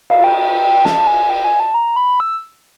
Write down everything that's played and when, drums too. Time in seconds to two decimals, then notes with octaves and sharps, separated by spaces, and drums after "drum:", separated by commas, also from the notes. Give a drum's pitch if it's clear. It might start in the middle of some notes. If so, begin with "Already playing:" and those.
0.10 F5, drum: cymbal
0.24 G5
0.39 G5
0.85 A5, drum: snare
1.07 G#5
1.30 G5
1.44 G#5
1.60 A5
1.74 A#5
1.96 B5
2.20 E6